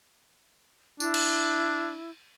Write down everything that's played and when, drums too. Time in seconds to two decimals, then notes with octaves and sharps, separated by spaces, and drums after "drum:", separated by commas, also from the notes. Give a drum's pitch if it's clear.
1.00 D4 E4, drum: tambourine
1.14 drum: cymbal